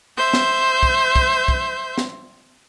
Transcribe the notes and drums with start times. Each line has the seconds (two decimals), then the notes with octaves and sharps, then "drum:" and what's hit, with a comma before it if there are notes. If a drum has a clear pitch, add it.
0.17 C5 E5 G6
0.33 drum: snare
0.83 drum: kick
1.16 drum: kick
1.48 drum: kick
1.98 drum: snare